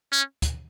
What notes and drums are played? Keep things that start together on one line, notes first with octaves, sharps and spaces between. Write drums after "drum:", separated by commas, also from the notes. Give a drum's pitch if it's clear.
C#4
drum: kick D2, hi-hat